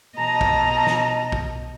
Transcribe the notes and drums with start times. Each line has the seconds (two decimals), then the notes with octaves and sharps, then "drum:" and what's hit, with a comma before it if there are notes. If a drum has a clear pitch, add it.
0.18 B2 D#5 A5 A#5
0.41 drum: kick
0.87 drum: snare
1.32 drum: kick